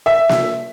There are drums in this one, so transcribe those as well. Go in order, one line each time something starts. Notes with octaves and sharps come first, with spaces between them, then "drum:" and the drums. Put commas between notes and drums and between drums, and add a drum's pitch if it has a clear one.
E5
drum: snare A#3